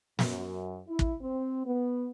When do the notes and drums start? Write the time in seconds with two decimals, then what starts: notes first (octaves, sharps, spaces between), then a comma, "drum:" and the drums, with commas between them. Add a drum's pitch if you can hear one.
0.19 F#2, drum: snare
0.88 E4
0.99 drum: kick
1.21 C4
1.66 B3